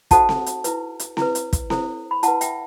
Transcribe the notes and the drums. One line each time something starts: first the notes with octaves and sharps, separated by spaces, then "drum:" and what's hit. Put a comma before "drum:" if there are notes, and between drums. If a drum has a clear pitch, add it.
D#4 F#4 A4 C5 F#5 A5, drum: kick, hi-hat
drum: snare C4
drum: hi-hat
E4 B4, drum: hi-hat
drum: hi-hat
E4 B4, drum: snare C4
drum: hi-hat
drum: kick, hi-hat
E4 A4 C5, drum: snare C4
B5
E4 B4 F#5 A5, drum: hi-hat
E5 G5, drum: hi-hat